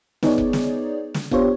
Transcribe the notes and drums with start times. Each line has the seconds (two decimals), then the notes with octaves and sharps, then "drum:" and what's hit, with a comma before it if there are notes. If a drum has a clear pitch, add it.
0.23 B3 D#4 G#4 C#5 D5, drum: snare
0.38 drum: kick F1
0.53 drum: snare
1.14 drum: snare
1.31 B3 D4 F4 G4 C5 C#5, drum: kick F1